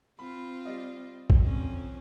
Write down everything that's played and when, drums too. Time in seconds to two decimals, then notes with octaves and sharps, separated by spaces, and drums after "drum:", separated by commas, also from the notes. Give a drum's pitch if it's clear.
0.19 C4 F4 B5
0.65 G3 D5 D#5
1.30 drum: kick
1.44 F2 C4 C#4